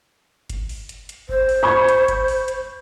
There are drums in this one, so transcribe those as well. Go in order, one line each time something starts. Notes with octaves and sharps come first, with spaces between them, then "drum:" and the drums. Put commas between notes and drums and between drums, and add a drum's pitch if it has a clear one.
drum: kick G1, hi-hat
drum: open hi-hat
drum: hi-hat
drum: hi-hat
C5, drum: kick G1
drum: open hi-hat
B5 C#6 G#6
drum: hi-hat
drum: kick G1, hi-hat
drum: open hi-hat
drum: hi-hat